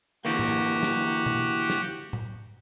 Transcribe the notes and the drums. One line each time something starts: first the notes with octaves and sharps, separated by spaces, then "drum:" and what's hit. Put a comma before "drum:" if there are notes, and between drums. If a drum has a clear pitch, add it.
D3 E3 A#3 F#4 G4
drum: tom A2
drum: snare
drum: tom B2
drum: snare
drum: tom A2